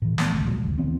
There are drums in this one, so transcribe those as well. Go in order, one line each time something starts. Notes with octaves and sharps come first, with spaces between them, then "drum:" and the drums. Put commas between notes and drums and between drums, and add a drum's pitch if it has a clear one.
A2 E3
A1 A3 B3, drum: snare
D#1 G#1 C#2 D#3
A#2 F3 F#3 G#3
F#1 D2
D#2 E3 B3 C4